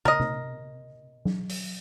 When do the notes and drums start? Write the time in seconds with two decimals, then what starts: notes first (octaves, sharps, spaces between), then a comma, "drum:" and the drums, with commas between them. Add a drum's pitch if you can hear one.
0.05 A#4 D#5, drum: tom
0.20 drum: tom C3
1.25 drum: tom F#3
1.49 drum: open hi-hat